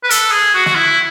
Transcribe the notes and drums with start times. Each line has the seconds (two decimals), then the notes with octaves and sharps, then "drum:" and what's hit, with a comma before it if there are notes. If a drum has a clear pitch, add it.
0.04 B4
0.10 A4, drum: hi-hat
0.31 G#4
0.54 F#4
0.66 F#4, drum: snare
0.75 E4